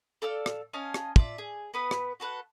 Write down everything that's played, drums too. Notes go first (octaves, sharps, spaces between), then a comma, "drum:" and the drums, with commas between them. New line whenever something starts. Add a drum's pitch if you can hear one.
A4 D5 F5 E6
drum: rim click
C#4 D#5 F5 A5
drum: rim click
F4 D5 E5, drum: kick
G#4
B3 B4 D#6
drum: rim click
F#4 A4 B4 F#5